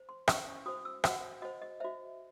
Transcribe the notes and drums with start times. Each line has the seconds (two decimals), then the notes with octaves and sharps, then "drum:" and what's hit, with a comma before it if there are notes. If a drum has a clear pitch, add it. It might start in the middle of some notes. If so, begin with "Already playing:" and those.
Already playing: C5
0.09 C6
0.28 C#4 E4 C5 C#6, drum: rim click
0.66 F#4 C5 D#6
0.85 E6
1.04 F#4 C5 F#5, drum: rim click
1.42 F#4 C5 D#5
1.62 D#5
1.80 F#4 C5 E5